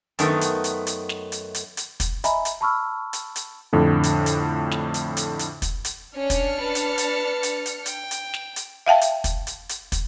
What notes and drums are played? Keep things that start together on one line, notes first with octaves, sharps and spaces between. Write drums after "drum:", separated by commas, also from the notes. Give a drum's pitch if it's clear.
F#2 D#3 A3 B3, drum: hi-hat
drum: hi-hat
drum: hi-hat
drum: hi-hat
drum: snare
drum: hi-hat
drum: hi-hat
drum: hi-hat
drum: kick, hi-hat
D#5 E5 G#5 A#5 B5, drum: hi-hat
drum: hi-hat
A5 B5 C#6 E6 F6
drum: hi-hat
drum: hi-hat
F2 A2 D3
drum: hi-hat
drum: hi-hat
drum: snare
drum: hi-hat
drum: hi-hat
drum: hi-hat
drum: kick, hi-hat
drum: hi-hat
C#4 D4 F6 C#7
drum: kick, hi-hat
B4 A5
drum: hi-hat
drum: hi-hat
drum: hi-hat
drum: hi-hat
G5, drum: hi-hat
drum: hi-hat
drum: snare
drum: hi-hat
E5 F5 G5 A5
drum: hi-hat
drum: kick, hi-hat
drum: hi-hat
drum: hi-hat
drum: kick, hi-hat